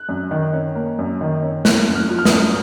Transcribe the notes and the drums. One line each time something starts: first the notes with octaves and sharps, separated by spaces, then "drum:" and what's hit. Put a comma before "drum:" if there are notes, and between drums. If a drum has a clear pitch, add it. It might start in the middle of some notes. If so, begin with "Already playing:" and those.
Already playing: F#6
F#2
D#3
C#4
A#3
F#2
D#3
C#4
A#3 F#6, drum: snare
F#2
F6
F3
F6
D#6, drum: snare
F#2